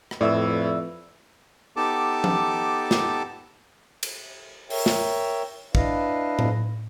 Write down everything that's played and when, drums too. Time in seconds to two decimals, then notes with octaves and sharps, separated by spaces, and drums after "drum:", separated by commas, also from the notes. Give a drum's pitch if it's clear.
0.11 drum: rim click
0.21 F2 A2 B4 D5 E5 E6
1.76 B3 D#4 G4 A4 A5 D6
2.24 drum: tom F3
2.91 drum: snare
4.03 drum: cymbal
4.70 A#4 C#5 E5 G5, drum: open hi-hat
4.86 drum: snare
5.75 D4 E4 B4 D#5 F5, drum: kick
6.39 drum: tom A2